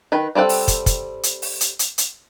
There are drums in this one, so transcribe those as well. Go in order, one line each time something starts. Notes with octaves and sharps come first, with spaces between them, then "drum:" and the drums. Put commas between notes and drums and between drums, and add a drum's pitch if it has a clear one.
D#3 B4
G3 C4 A4 F#5
drum: open hi-hat
drum: kick, hi-hat
drum: kick, hi-hat
drum: hi-hat
drum: open hi-hat
drum: hi-hat
drum: hi-hat
drum: hi-hat